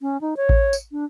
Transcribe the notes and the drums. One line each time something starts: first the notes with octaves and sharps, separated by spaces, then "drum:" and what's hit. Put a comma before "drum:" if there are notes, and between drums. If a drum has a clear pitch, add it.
C#4
D#4
C#5
drum: kick A1
drum: tambourine
D4